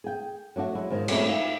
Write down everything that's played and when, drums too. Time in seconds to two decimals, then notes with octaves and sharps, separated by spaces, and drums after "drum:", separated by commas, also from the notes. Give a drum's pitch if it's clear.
0.04 G#4 G5
0.56 F#3 A3 D4 F#4
0.75 F#3 G#3 E4
0.91 G#2 D#3 F3
1.08 F#3 G#3 A3 C4 E4 C#5, drum: cymbal
1.26 D#4 F4 E5